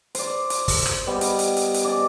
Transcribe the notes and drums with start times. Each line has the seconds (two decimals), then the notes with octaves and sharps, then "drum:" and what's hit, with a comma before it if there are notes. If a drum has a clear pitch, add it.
0.15 C5 D5, drum: hi-hat
0.50 drum: hi-hat
0.68 drum: kick, open hi-hat
0.86 drum: rim click
1.07 G3 B3 D#5 G5
1.21 drum: hi-hat
1.39 drum: hi-hat
1.57 drum: hi-hat
1.74 drum: hi-hat
1.84 D5 D#5 G#5 A5